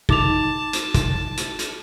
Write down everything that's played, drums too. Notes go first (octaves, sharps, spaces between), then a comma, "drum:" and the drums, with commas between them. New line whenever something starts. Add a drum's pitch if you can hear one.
D#4 A5 D6 F7, drum: kick
drum: hi-hat
drum: kick, hi-hat
drum: hi-hat
drum: hi-hat